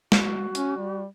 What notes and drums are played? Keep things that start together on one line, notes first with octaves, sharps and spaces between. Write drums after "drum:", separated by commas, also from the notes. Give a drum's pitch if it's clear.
F#4, drum: snare
C#4, drum: hi-hat
G3